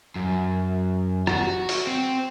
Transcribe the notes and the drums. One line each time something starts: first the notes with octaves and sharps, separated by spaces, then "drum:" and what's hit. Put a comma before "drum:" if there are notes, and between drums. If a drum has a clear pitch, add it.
F#2
F#4, drum: rim click
drum: open hi-hat
C4